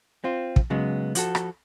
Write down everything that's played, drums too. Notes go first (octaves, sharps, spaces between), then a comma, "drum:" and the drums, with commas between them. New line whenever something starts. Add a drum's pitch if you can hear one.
C4 F4
drum: kick
C#3 F#3 G#3 B3
F3 F#4 A4, drum: hi-hat
drum: rim click